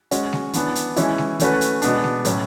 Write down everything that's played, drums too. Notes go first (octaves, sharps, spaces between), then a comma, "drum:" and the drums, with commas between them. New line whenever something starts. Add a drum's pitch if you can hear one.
G#3 C#4 F#4, drum: hi-hat
drum: snare G#3
E3 B3 D4, drum: hi-hat
drum: hi-hat
E3 G#3 C#4 E4, drum: hi-hat
drum: snare G#3
E3 A3 C#4 F#4 B4, drum: hi-hat
drum: hi-hat
B2 G#3 B3 D4, drum: hi-hat
drum: snare G#3
A2 F#3 C#4, drum: hi-hat